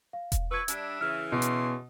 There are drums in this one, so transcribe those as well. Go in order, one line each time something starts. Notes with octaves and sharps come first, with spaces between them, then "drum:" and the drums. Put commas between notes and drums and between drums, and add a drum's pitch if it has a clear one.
F5
drum: kick E1, hi-hat
F3 B4 C#6 E6 G#6
G3 D4 E5, drum: hi-hat
C#3 E3 F6
B2 C6
drum: hi-hat